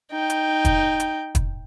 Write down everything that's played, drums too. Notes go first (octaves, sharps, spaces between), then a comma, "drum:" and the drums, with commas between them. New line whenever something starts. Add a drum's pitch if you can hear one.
D#4 G5
drum: hi-hat
drum: kick, hi-hat
drum: hi-hat
drum: kick, hi-hat